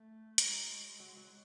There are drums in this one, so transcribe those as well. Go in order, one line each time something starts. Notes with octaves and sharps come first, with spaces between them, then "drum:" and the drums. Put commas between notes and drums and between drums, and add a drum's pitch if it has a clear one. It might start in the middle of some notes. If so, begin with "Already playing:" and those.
Already playing: A3
E3, drum: hi-hat
F#3 G#3
F#3
F#3